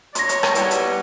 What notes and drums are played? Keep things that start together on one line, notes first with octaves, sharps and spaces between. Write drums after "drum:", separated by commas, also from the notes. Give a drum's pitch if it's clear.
C#5 C6 A#6, drum: hi-hat
drum: hi-hat
drum: rim click
G3 B3 E4, drum: hi-hat
drum: hi-hat